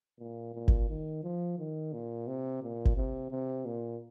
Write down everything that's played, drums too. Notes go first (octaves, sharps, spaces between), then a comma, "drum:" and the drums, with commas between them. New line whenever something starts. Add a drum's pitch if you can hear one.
A#2
A#2
drum: kick G1
D#3
F3
D#3
A#2
C3
A#2
drum: kick G1
C3
C3
A#2